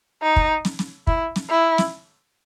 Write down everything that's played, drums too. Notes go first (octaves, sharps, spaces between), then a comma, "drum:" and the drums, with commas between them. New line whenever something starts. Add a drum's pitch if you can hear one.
D#4
drum: kick
drum: snare
drum: snare
E4, drum: kick
drum: snare
E4
drum: snare